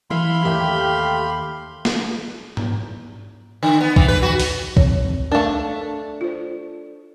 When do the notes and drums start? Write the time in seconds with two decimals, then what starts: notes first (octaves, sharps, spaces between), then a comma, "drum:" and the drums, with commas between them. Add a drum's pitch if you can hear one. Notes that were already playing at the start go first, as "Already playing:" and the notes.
0.10 E3 E4 F5 B5 C6
0.44 D#2 A3 G4 E5
1.85 drum: snare
2.57 drum: tom G#2
3.63 D3
3.80 B3
3.96 E3, drum: kick
4.08 B4
4.22 F#4
4.40 drum: open hi-hat
4.77 C4 C#5, drum: kick
5.32 A3 D4 A#4 F5 A5
6.21 F4 C5